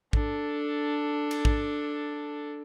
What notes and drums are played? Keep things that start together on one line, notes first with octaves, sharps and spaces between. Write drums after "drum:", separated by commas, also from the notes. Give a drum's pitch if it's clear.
D4 A4, drum: kick
drum: cymbal
drum: kick